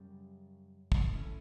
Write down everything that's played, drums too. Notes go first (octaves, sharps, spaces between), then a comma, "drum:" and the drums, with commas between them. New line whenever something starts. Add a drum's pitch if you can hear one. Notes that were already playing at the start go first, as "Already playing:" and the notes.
Already playing: F#2 C#3 G3
drum: kick
A2 E3 A3 C#4 E4